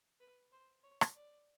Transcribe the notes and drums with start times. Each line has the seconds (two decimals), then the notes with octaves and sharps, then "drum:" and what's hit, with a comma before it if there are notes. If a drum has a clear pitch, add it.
0.20 B4
0.52 C5
0.84 C#5
1.01 drum: rim click
1.15 D5